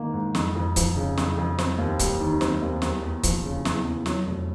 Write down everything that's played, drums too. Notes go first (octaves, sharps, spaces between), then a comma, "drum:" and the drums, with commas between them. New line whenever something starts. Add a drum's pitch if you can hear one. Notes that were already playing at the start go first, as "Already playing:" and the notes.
Already playing: G#2 D#3 A#3
G#2
F2, drum: snare
F2
F3, drum: kick C#1, hi-hat
C#3
F2, drum: snare
F2
C4, drum: snare
D#2
G3, drum: kick C#1, hi-hat
D#3
C4, drum: snare
D#2
E2, drum: snare
E2
F3, drum: kick C#1, hi-hat
C#3
E2, drum: snare
E2
F#3, drum: snare
F1